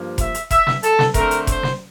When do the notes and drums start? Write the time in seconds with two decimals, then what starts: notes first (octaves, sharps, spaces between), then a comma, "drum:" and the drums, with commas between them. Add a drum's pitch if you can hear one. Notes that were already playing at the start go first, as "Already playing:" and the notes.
Already playing: G2 F3 A#3
0.18 E5, drum: kick F1, hi-hat
0.34 drum: hi-hat
0.51 E5, drum: kick F1, hi-hat
0.67 drum: snare
0.83 A4, drum: hi-hat
0.99 drum: snare
1.14 D3 A3 C4 A#4, drum: kick F1, hi-hat
1.31 drum: hi-hat
1.47 C5, drum: kick F1, hi-hat
1.63 drum: snare